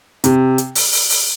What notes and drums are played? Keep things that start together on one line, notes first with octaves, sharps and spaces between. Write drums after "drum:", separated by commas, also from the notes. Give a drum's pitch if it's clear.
C3, drum: hi-hat
drum: hi-hat
drum: open hi-hat
drum: open hi-hat
drum: open hi-hat